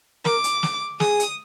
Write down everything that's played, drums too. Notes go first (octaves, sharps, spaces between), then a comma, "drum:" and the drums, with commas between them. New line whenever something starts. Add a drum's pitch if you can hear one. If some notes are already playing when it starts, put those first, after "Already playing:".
A#4 D6, drum: snare
drum: hi-hat
drum: snare
G#4 D#6, drum: snare
drum: hi-hat